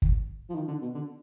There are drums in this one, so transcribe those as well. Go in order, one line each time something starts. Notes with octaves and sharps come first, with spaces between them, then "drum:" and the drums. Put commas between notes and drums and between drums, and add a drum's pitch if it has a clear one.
drum: kick
F3
D#3
D3
B2
D3